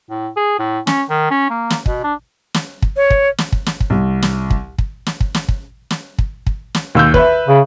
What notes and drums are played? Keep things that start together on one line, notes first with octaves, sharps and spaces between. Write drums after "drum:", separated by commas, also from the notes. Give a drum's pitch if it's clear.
A2
G#4
A2
C#4, drum: snare
D#3
C#4
A#3
drum: snare
B2, drum: kick
D4
drum: snare
drum: kick
C#5
drum: kick
drum: snare
drum: kick
drum: snare
drum: kick
C2
drum: snare
drum: kick
drum: kick
drum: snare
drum: kick
drum: snare
drum: kick
drum: snare
drum: kick
drum: kick
drum: snare
D#2 E6 G6
B4 E5, drum: kick
C#3